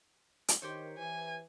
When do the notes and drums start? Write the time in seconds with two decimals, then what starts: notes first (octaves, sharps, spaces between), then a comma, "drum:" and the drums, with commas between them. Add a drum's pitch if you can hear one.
0.48 drum: hi-hat
0.62 D#3 G4 C5 C#5
0.98 E3 G#5